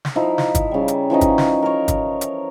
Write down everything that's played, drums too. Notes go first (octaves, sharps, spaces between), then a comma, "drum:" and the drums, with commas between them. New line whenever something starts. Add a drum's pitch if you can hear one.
drum: snare
F3 D#4 E4
drum: snare
drum: kick, hi-hat
C#3 G3
drum: hi-hat
E3 F3 C#4 D#4
drum: kick, hi-hat
drum: snare
A#4 C#5
drum: kick, hi-hat
drum: hi-hat